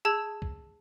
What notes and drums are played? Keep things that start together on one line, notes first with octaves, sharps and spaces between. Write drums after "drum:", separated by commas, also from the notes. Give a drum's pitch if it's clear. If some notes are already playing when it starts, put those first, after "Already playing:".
G#4 A5 E6 G#6
drum: kick C2